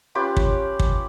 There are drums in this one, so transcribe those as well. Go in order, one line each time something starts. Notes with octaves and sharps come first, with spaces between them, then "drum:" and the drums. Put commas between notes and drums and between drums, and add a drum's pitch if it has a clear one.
C#4 F4 G4 B4
drum: kick
drum: kick